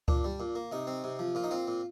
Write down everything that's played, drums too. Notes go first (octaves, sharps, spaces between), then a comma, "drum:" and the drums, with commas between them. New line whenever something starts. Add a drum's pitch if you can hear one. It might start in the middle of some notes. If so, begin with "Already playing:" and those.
A#2 D4, drum: kick C#2
G3
A#2
A#3
C3 D#4
C4
C3
F3
A#2 F4
D#4
C4 F4
A#2